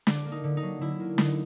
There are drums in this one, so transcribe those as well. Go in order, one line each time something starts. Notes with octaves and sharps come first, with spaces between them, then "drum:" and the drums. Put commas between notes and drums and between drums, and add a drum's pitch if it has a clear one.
D3 D4, drum: snare
A#3
D#4
D3
D#4
F#3
D3 E4
A#3
D3 D#4, drum: snare